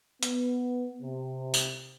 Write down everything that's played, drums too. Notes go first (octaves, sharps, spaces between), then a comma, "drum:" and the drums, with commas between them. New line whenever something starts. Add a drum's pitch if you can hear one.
B3, drum: hi-hat
C3
drum: tambourine